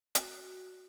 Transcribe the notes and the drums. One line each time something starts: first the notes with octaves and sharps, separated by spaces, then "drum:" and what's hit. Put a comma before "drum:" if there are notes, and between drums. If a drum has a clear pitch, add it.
F#4, drum: hi-hat